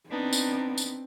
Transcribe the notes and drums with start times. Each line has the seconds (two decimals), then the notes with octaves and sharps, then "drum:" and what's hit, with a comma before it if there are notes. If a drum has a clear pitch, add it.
0.10 B3 C4 D4 D#4
0.33 drum: tambourine
0.78 drum: tambourine